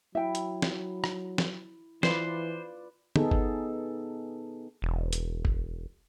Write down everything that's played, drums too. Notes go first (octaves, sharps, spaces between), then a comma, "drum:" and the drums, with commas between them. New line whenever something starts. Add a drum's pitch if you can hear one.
F#3 E4 E5 G5
drum: hi-hat
drum: snare
drum: rim click
drum: snare
E3 F4 B4 C5 D5, drum: snare
B3 D#4 G#4 A4, drum: tom
drum: kick G1
E1
drum: hi-hat
drum: kick G1